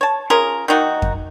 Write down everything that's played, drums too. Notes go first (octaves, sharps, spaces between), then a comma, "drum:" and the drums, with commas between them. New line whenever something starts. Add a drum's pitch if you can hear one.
C#5 A5
C#4 F4 G#4 A#4
D#3 A#3 D#4 F#4
drum: kick F2